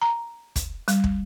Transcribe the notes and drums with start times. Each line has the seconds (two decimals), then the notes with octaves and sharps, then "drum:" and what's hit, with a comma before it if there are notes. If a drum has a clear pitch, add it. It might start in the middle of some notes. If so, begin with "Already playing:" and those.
0.02 A#5
0.56 drum: kick, hi-hat
0.88 G3, drum: hi-hat
1.04 drum: kick